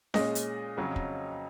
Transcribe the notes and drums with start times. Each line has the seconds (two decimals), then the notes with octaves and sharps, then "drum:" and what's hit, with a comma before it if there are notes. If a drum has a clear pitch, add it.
0.14 A#2 G#3 C#4 D#5, drum: snare C#4
0.35 drum: hi-hat
0.77 F2 C#3 F#3 C#4
0.96 drum: kick